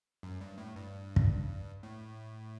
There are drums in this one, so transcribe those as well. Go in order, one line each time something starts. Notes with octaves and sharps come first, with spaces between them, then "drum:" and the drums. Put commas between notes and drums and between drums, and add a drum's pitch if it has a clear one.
F#2
G2
A2
G2
drum: kick
A2